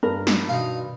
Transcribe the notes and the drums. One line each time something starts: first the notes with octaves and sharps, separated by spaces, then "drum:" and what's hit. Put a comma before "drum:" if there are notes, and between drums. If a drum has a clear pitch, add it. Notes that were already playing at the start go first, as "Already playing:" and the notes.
G2 A#4
drum: snare
B2 D#4 F4